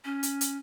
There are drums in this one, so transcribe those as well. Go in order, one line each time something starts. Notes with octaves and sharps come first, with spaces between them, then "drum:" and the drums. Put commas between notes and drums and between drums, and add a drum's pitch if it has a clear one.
C#4
drum: hi-hat
drum: hi-hat